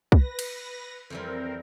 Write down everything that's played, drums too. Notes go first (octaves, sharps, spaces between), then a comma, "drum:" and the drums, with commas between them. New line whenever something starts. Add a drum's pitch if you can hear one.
B4 A#6, drum: kick
drum: cymbal
F2 E3 G3 C4 A#4